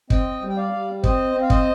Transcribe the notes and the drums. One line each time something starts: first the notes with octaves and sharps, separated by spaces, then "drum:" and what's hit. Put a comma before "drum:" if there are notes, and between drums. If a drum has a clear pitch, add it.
C4 D#5 G5, drum: kick
G3
G5
D5 F5
G3
C4 C5 D#5, drum: kick
C4
F5
C5 D#5, drum: kick